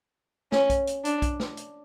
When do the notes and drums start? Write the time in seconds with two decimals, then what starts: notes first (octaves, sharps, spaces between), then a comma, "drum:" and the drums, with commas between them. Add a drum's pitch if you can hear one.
0.52 C#4, drum: snare
0.70 drum: kick, hi-hat
0.87 drum: hi-hat
1.05 D4, drum: hi-hat
1.22 drum: kick, hi-hat
1.40 drum: snare
1.57 drum: hi-hat